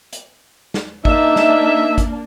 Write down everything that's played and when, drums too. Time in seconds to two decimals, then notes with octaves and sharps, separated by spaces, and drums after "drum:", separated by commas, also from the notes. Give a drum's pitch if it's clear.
0.13 drum: hi-hat
0.74 drum: snare
1.05 A#3 D4 D#4 E5, drum: kick G#1
1.36 drum: snare
1.98 drum: kick G#1, hi-hat